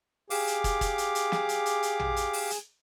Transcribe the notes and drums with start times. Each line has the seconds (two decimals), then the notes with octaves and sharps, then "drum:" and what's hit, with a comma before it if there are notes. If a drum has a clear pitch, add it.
0.30 G4 G#4 F5 D6, drum: open hi-hat
0.47 drum: hi-hat
0.64 drum: kick, hi-hat
0.81 drum: kick, hi-hat
0.98 drum: hi-hat
1.15 drum: hi-hat
1.32 drum: snare
1.49 drum: hi-hat
1.66 drum: hi-hat
1.83 drum: hi-hat
2.00 drum: tom
2.16 drum: hi-hat
2.33 drum: open hi-hat
2.50 drum: hi-hat